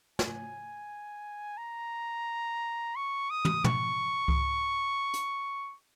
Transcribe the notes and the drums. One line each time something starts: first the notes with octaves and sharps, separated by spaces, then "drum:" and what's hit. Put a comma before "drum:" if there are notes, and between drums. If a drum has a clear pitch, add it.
G#5, drum: snare
A#5
C#6
D#6
drum: tom
C#6, drum: tom
drum: kick C#2
drum: hi-hat